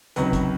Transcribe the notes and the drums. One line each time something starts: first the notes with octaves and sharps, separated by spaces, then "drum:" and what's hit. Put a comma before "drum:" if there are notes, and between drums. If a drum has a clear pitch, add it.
C#2 C3 D#3 F#3 B4, drum: hi-hat
drum: kick G1, hi-hat